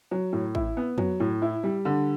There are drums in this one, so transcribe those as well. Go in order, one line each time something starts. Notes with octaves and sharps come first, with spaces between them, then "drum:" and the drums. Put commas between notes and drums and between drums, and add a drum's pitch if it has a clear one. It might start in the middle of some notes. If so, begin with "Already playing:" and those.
F#3
A2
E4, drum: kick A1
B3
F#3, drum: tom F2
A2
E4
G3
D3